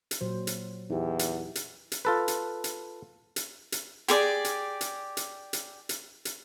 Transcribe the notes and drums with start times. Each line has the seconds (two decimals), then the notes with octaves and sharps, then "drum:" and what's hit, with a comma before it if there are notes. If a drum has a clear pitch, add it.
0.11 drum: hi-hat
0.21 A#2 F#3 C5
0.47 drum: hi-hat
0.90 E2 D#4 G4
1.19 drum: hi-hat
1.55 drum: hi-hat
1.92 drum: hi-hat
2.05 F4 A4 B4
2.28 drum: hi-hat
2.64 drum: hi-hat
3.36 drum: hi-hat
3.72 drum: hi-hat
4.08 G4 G#4 D5, drum: hi-hat
4.45 drum: hi-hat
4.81 drum: hi-hat
5.17 drum: hi-hat
5.53 drum: hi-hat
5.89 drum: hi-hat
6.25 drum: hi-hat